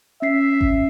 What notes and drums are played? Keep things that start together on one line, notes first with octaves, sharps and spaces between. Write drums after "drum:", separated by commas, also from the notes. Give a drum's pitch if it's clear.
C#4 E5 B6 C7
drum: kick G#1